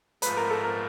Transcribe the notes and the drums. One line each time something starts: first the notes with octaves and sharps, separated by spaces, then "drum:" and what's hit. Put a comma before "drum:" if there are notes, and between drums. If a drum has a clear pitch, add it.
G#2 F3 A3 B4, drum: hi-hat
A#4
A4
A#4